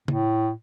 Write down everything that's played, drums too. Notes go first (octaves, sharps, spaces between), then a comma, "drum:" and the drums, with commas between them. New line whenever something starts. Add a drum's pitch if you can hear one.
A2, drum: tom C#3